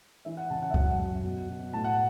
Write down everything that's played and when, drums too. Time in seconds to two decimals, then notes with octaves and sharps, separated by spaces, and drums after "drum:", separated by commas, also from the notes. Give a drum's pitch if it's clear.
0.25 E3 E5
0.37 F#5
0.50 C#3 A5
0.62 F#5
0.70 E5
0.74 F#2 F#5, drum: kick C#2
1.00 F#2
1.24 B2
1.49 B2
1.73 A2 A5
1.84 F#5